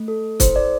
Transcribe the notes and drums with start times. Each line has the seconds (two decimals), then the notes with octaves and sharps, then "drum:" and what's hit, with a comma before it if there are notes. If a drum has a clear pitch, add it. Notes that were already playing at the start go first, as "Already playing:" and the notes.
Already playing: A3
0.08 A4
0.40 E4 C5, drum: kick, hi-hat
0.56 D5